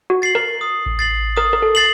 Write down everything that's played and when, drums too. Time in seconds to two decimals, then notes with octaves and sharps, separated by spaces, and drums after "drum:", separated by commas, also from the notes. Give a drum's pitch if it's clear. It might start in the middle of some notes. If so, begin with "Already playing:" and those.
0.10 F#4
0.22 A6 C7 F#7
0.35 A#4
0.61 D#6
0.86 drum: kick A1
0.99 A6 C7 F#7
1.37 A#4 D#6
1.53 A#4
1.62 A4
1.75 A6 C7 F#7